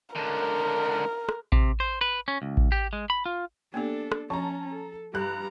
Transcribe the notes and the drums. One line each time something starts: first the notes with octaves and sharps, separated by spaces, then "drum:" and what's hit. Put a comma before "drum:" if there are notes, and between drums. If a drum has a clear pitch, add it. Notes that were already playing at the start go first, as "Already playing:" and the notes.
C#2 D3 A#4
drum: rim click
C3, drum: kick A1
C5
B4
C#4
C#2
drum: kick A1
G4
G#3
B5
F4
A#3 B3 D4 G4 A4
drum: rim click
F3 C#4 A5 A#5
A4
G2 G4 A#5 F#6